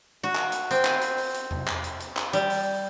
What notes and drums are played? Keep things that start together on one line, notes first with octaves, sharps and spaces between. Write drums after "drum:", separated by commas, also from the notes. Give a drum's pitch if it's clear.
F#4
drum: clap
drum: hi-hat
C4, drum: hi-hat
drum: clap
drum: hi-hat
drum: open hi-hat
drum: hi-hat
drum: tom E2
drum: clap
drum: hi-hat
drum: hi-hat
drum: clap
G3, drum: hi-hat
drum: open hi-hat